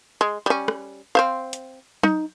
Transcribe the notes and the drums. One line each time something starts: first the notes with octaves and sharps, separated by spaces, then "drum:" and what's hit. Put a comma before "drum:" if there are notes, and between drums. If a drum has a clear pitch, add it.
G#3
G3 C#4
drum: rim click
C4 C5 F5
drum: hi-hat
D#4, drum: tom F#3